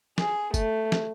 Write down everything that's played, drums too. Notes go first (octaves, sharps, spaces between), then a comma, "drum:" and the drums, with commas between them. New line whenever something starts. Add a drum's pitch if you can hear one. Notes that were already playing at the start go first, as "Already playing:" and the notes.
G#4, drum: snare
A3, drum: kick, tambourine
drum: snare